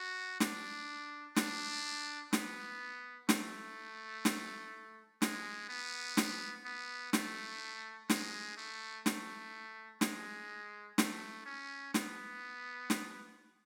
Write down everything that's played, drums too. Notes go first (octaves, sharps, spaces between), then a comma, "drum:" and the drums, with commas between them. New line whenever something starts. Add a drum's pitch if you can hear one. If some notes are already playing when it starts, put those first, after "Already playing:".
Already playing: F#4
D4, drum: snare
D4, drum: snare
B3, drum: snare
A3, drum: snare
drum: snare
G#3, drum: snare
B3
drum: snare
B3
A3, drum: snare
G#3, drum: snare
A3
A3, drum: snare
G#3, drum: snare
A3, drum: snare
C#4
B3, drum: snare
drum: snare